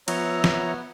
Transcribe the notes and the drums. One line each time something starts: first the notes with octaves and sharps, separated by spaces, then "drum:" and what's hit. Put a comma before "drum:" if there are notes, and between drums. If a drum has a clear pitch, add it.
F3 B3 C#5 E5 A#5, drum: cymbal
drum: snare